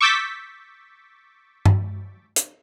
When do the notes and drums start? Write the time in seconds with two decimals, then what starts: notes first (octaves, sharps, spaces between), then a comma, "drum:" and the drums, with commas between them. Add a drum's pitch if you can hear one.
0.01 C#6 D6 E6 G6 A6 B6
1.66 drum: tom G2
2.36 drum: hi-hat